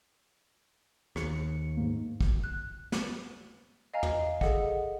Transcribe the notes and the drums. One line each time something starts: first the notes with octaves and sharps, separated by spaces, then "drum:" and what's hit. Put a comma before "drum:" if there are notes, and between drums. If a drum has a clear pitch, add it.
D#2 C#7, drum: rim click
G#2 A#3
drum: kick
F#6
drum: snare
D#5 F5 G#5 A#5 F6
drum: tom
G#4 A4 D#5 F#5, drum: kick